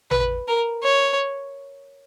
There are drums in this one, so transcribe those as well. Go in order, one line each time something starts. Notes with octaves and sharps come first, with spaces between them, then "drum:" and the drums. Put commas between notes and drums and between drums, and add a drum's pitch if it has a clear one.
B4, drum: tom A1
A#4
C#5